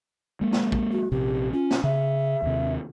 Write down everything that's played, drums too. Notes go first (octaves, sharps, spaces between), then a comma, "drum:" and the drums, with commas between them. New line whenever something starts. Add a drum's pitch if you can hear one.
G#3 A#3
drum: snare
drum: kick
F#4
A#1 C3 G4
C#4 F4
drum: snare
C#3 E5
D#2 C3